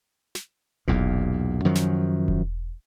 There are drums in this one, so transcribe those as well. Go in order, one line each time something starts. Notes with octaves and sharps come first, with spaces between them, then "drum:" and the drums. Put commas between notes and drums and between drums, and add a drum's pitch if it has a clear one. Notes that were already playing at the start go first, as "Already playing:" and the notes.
drum: snare
B1 E2 A#2, drum: kick E1
F#2 D#3 F3 F#3
drum: snare
drum: kick E1